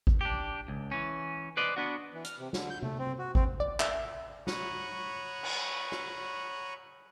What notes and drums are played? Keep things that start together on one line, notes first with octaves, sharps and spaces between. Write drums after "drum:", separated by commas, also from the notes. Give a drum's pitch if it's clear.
drum: kick G#1
D4 G4
C#2
E3 C#4
B4 C5 D5 D#5
B3 D4 F#4
E3
F6, drum: hi-hat
C3
D3, drum: snare
G6
A3, drum: tom C3
C4
F#4
C4, drum: kick G#1
D5
E5, drum: clap
C#5 F#5 A#5 B5 C#6 D#6, drum: snare
drum: cymbal
drum: rim click